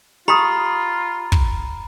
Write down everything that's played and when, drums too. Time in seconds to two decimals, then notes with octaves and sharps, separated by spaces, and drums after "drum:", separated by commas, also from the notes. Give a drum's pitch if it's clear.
0.28 F4 G4 A#5 B5 D#6
1.32 drum: kick